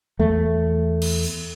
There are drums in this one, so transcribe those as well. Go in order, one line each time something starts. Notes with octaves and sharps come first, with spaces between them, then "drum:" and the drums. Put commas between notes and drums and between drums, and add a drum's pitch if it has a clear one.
E2 A3
drum: cymbal
drum: open hi-hat